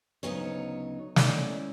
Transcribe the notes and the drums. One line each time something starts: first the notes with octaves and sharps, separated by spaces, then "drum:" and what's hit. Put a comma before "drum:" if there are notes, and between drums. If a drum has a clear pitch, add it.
D2 C#3 F#3 B3 D#4 C#5
D#3 G#3 C#4 E4 D5, drum: snare